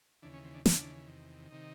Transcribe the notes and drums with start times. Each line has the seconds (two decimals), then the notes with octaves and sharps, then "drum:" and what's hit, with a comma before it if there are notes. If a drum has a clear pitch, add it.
0.22 D#2 C#3 E3 D4
0.34 C#4
0.44 C4
0.54 D4
0.66 D#2 C#3 E3 D4, drum: snare
1.08 E2 C3 D#3
1.51 C3 D#3 D#4